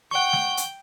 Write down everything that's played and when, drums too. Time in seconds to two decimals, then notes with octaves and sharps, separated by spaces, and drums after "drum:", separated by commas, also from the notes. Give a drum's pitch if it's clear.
0.11 F#5 G5 C#6 G6
0.33 drum: snare
0.57 drum: hi-hat